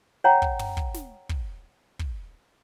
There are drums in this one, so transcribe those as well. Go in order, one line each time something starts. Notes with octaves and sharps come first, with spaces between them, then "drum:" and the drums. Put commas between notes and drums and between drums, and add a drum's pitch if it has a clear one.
C#5 F#5 G5 A#5
drum: kick
drum: tom
drum: kick
drum: snare
drum: kick
drum: kick